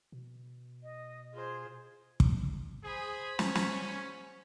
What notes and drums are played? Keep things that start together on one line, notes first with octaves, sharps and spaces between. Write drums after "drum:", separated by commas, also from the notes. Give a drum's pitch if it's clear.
B2
D#5
F4 G#4 C5
drum: kick
G#4 C5 B5
C#4, drum: snare
drum: snare